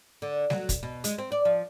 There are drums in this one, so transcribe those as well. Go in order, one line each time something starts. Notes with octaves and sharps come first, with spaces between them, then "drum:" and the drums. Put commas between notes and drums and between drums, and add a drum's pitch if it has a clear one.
D3
F#3, drum: snare G3
drum: kick, hi-hat
B2
G#3, drum: hi-hat
C4
D5
F3